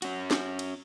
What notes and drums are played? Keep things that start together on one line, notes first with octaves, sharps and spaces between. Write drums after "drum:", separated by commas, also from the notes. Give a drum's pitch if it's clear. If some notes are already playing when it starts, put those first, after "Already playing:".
C#4 F#4, drum: cymbal
drum: snare
drum: cymbal